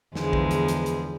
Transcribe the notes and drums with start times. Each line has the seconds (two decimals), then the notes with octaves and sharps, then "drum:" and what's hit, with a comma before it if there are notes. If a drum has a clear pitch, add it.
0.15 E2 D3 F3 G#3 B3, drum: snare
0.33 drum: kick A#1
0.51 drum: hi-hat
0.68 drum: hi-hat
0.86 drum: hi-hat